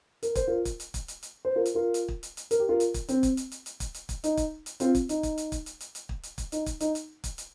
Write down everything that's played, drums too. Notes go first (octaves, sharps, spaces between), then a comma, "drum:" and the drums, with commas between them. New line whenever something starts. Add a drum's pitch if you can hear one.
A#4, drum: hi-hat
C5, drum: kick, hi-hat
F4 A#4
drum: kick, hi-hat
drum: hi-hat
drum: kick, hi-hat
drum: hi-hat
drum: hi-hat
C5
F4 A#4
drum: hi-hat
F4 A#4
drum: hi-hat
drum: kick
drum: hi-hat
drum: hi-hat
A#4, drum: hi-hat
G4
F4 A#4
drum: hi-hat
drum: kick, hi-hat
C4, drum: hi-hat
drum: kick, hi-hat
drum: hi-hat
drum: hi-hat
drum: hi-hat
drum: kick, hi-hat
drum: hi-hat
drum: kick, hi-hat
D#4, drum: hi-hat
drum: kick, hi-hat
drum: hi-hat
C4 F4, drum: hi-hat
drum: kick, hi-hat
D#4, drum: hi-hat
drum: kick, hi-hat
drum: hi-hat
drum: kick, hi-hat
drum: hi-hat
drum: hi-hat
drum: hi-hat
drum: kick
drum: hi-hat
drum: kick, hi-hat
D#4, drum: hi-hat
drum: kick, hi-hat
D#4, drum: hi-hat
drum: hi-hat
drum: kick, hi-hat
drum: hi-hat